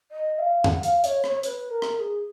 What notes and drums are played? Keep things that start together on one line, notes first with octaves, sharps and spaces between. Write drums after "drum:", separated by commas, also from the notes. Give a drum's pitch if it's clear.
D#5
F5
F#5, drum: tom F2
F5, drum: hi-hat
C#5, drum: hi-hat
C#5, drum: rim click
B4, drum: hi-hat
A#4
drum: rim click
A#4
G#4